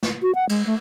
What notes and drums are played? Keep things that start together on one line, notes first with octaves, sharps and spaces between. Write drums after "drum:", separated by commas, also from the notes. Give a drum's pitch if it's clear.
drum: snare
F#4
F#5
G#3, drum: cymbal
A3